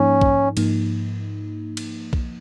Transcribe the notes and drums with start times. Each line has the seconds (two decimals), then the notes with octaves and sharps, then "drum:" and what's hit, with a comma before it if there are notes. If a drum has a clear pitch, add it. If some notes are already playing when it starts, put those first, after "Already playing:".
Already playing: G#2 F3 A#3 C#4 D#4
0.21 drum: kick B1
0.57 G#2 F3 A#3 D#4, drum: cymbal
1.77 drum: cymbal
2.13 drum: kick B1